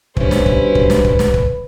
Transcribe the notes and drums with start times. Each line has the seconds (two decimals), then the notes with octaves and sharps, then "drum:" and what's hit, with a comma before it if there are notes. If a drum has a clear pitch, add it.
0.17 B1 G2 C#4 E4 B4 C5, drum: kick
0.31 drum: snare
0.46 drum: kick
0.75 drum: kick
0.90 drum: snare
1.04 drum: kick
1.19 drum: snare
1.34 drum: kick